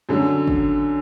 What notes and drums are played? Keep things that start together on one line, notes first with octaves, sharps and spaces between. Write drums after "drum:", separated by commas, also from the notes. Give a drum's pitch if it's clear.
F#2 D3 F#3
drum: kick G#1